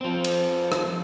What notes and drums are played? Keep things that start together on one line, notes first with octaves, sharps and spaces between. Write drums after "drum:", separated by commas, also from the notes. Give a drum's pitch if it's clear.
F3 C4
drum: cymbal
drum: rim click